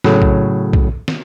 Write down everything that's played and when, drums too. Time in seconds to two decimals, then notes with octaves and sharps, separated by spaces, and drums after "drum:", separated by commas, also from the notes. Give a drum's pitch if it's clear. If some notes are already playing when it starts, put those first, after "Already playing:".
0.04 A2 C#3 F#3, drum: snare
0.22 drum: kick
0.73 drum: kick
1.08 drum: snare